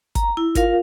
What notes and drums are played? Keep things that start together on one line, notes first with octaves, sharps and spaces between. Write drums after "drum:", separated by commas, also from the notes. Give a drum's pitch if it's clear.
A#5, drum: kick G1, hi-hat
E4
F4 A#4 F5, drum: kick G1, hi-hat